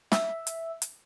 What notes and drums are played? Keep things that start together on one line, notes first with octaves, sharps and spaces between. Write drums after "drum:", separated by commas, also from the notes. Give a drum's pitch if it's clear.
E5, drum: snare
drum: hi-hat
drum: hi-hat